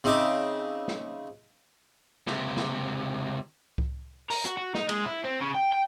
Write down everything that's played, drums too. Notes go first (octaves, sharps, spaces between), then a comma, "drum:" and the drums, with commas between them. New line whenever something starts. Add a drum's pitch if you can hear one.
C#3 C4 D#4 E5 D6
drum: snare
C#2 C3, drum: snare
drum: snare
drum: kick C2
A#4, drum: open hi-hat
F#4, drum: hi-hat
F#4
D#4, drum: snare
G#3, drum: cymbal
E4
C4
C#3
G5
G5